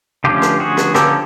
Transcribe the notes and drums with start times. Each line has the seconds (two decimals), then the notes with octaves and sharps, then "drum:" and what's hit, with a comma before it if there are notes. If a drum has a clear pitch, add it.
0.24 D3 F3 A3 C#4 F4 G4
0.42 drum: rim click
0.60 F#4 G#4
0.77 drum: rim click
0.94 D3 F3 A#3 C#4 G4 A4, drum: rim click